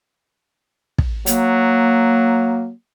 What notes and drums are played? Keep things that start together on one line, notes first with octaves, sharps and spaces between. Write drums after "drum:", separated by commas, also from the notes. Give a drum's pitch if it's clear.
drum: kick
F#3 A#3, drum: hi-hat